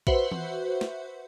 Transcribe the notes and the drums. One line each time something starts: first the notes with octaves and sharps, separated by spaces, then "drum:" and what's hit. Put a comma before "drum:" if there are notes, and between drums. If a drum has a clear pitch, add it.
F#4 B4 C5 E5 F#5, drum: kick A#1
drum: tom E3
drum: snare